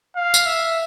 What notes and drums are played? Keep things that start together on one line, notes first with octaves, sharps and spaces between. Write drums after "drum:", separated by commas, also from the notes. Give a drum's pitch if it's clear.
F5
drum: tambourine
E5